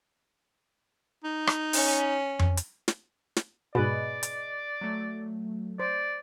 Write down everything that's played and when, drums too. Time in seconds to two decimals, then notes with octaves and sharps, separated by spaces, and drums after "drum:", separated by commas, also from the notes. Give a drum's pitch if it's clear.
1.24 D#4
1.47 drum: rim click
1.73 C#4, drum: open hi-hat
2.39 drum: tom F2
2.57 drum: hi-hat
2.88 drum: snare
3.36 drum: snare
3.75 G#2 B2 G#4 B4 D5 D#5
4.23 drum: hi-hat
4.81 F#3 A3
5.80 C5 D5